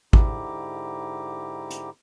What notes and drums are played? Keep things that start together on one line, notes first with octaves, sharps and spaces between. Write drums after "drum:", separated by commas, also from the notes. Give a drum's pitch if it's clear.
G#2 D3 E4 G4 A#5 D6, drum: kick G#1
drum: hi-hat